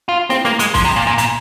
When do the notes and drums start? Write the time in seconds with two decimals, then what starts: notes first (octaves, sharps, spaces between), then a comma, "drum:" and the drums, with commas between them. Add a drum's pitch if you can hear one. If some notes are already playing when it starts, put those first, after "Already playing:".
0.09 F4
0.30 C4, drum: snare
0.45 A#3, drum: snare
0.59 G#3, drum: hi-hat
0.74 F3, drum: kick C2, open hi-hat
0.85 C3
0.96 A#2
1.07 A#2
1.18 A#2, drum: hi-hat